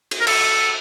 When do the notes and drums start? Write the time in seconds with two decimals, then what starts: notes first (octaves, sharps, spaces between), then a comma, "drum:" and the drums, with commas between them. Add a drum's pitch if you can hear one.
0.11 drum: cymbal
0.21 A#4
0.27 A4, drum: cymbal